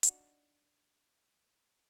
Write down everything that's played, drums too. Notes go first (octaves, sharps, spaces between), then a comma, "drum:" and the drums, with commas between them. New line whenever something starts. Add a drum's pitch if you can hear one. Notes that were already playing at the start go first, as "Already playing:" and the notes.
D4 D#4 F#4, drum: hi-hat